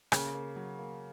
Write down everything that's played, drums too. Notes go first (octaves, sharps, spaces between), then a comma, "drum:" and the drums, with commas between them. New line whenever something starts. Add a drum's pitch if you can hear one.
C#3 A#3, drum: rim click
A#3
F#3
A#3